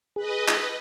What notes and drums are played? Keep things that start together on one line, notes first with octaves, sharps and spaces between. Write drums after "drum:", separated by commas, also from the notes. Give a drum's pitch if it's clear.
G#4 B4 D#5
drum: clap